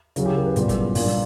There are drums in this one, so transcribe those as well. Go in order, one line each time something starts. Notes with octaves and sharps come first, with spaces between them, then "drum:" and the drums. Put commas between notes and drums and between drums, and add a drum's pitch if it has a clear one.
C#3 F#3 C#4 E4, drum: hi-hat
G4
A#4
B4
A#2 G3 B3, drum: hi-hat
drum: kick, hi-hat
A#2 G3 A#3 D4, drum: open hi-hat